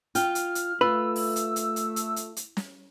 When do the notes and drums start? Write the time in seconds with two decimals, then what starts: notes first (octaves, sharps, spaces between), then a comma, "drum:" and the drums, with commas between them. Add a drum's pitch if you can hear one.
0.15 F4 G5 F6, drum: hi-hat
0.35 drum: hi-hat
0.55 drum: hi-hat
0.81 A3 F4 B4 E6
1.16 drum: open hi-hat
1.36 drum: hi-hat
1.56 drum: hi-hat
1.76 drum: hi-hat
1.96 drum: hi-hat
2.16 drum: hi-hat
2.36 drum: hi-hat
2.57 drum: snare